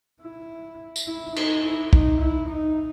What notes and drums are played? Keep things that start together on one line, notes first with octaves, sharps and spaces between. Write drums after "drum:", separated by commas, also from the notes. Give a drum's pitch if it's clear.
E4
drum: tambourine
E4
D#4, drum: cymbal
E4
D#4, drum: kick
E4
D#4